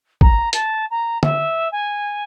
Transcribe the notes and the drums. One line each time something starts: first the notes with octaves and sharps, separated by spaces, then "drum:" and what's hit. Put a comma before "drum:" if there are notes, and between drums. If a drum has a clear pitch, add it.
A#5, drum: kick
A5, drum: hi-hat
A#5
E5, drum: tom
G#5